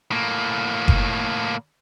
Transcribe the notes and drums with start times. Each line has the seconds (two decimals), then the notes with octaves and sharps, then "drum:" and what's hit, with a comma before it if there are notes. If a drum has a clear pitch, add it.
0.11 A2 A#3
0.88 drum: kick F#1